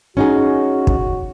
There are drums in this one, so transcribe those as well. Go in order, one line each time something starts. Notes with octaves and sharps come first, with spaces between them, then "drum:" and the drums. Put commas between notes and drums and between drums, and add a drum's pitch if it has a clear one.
C#4 D#4 F#4 G#4
drum: kick